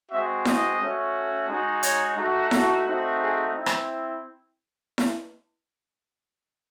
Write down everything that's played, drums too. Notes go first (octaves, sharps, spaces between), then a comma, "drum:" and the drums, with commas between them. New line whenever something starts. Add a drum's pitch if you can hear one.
G#3 C4 F#4 E5
D#5, drum: snare E4
A3 C#4 F#4
G#3 D#4 F#4
C#5, drum: hi-hat
A3 D#4 F#4
A4, drum: snare E4
A3 C4 D#4 F#4
G#4
C4 E4
drum: rim click
drum: snare E4